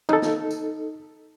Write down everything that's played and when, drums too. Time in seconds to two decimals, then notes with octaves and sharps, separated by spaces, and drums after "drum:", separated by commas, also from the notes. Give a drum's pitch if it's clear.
0.09 D#4 A4, drum: tom
0.22 drum: snare
0.51 drum: tambourine